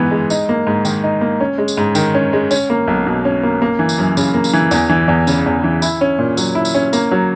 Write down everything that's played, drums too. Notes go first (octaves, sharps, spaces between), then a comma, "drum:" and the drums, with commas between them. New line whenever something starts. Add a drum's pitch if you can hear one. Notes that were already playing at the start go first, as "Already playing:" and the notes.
Already playing: G#2 E3 B3
G#3
D#4, drum: tambourine
A#3
G#2
D#3, drum: tambourine
D#4
A#3
C#4
G#3
drum: tambourine
G#2
D#3, drum: tambourine
C#4
G#3
C#4, drum: tambourine
A#3
B1
B2
C#4
A#3
A#3
E3
drum: tambourine
F#2
C#3, drum: tambourine
A#3
drum: tambourine
E3
E2, drum: tambourine
E3
E2
C#3, drum: tambourine
E2
E3
E4, drum: tambourine
C#4
A#2
F#3, drum: tambourine
E4
drum: tambourine
C#4
A#3, drum: tambourine
F#3